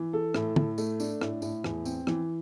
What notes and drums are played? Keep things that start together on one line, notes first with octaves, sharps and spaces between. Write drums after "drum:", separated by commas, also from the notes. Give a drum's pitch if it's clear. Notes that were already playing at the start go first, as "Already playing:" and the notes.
Already playing: E3
A4
A2, drum: rim click
A2, drum: tom
A3, drum: tambourine
D4, drum: tambourine
A2, drum: rim click
A2, drum: tambourine
E2, drum: rim click
C4, drum: tambourine
E3, drum: rim click